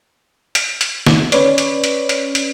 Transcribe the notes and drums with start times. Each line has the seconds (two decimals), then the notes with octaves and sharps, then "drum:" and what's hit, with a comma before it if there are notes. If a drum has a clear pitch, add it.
0.55 drum: hi-hat
0.81 drum: hi-hat
1.06 drum: snare
1.32 C#4 B4 C#5 D5, drum: hi-hat
1.58 drum: hi-hat
1.84 drum: hi-hat
2.09 drum: hi-hat
2.35 drum: hi-hat